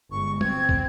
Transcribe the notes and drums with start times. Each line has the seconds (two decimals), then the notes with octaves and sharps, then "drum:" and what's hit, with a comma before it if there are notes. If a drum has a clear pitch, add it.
0.11 G1 G#3 C#6
0.41 C4 G#6, drum: tom
0.69 drum: kick